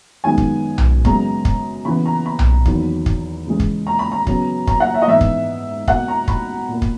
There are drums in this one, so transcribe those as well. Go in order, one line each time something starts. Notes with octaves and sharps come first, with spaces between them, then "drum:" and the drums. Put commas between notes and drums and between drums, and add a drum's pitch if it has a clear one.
F#2 D#3 G#3 B3 G#5
drum: kick
drum: tom B1
F#2 C#3 G#3 B3 A#5, drum: kick
drum: kick
C#3 E3 B3 B5
A#5
B5
drum: tom B1
E2 D#3 F#3 A#3, drum: kick
drum: kick
C#3 E3 G#3
drum: kick
A#5
B5
A#5
C#3 F#3 B3, drum: kick
A#5, drum: kick
F#5
E5
D#5
G#2 E3 B3 E5
drum: kick
B2 A#3 F#5, drum: kick
A#5
B5, drum: kick
A#2 A#3
drum: kick